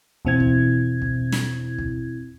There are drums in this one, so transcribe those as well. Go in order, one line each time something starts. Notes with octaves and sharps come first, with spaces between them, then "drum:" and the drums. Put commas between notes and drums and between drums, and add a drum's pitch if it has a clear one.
E2 B2 C4 E4 G#6
drum: kick
drum: kick
drum: snare
drum: kick